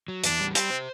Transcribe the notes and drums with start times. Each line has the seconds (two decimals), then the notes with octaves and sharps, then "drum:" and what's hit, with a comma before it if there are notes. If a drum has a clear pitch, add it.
0.08 F#3
0.24 E2 D4, drum: hi-hat
0.40 G3
0.55 C4 G4, drum: hi-hat
0.70 C5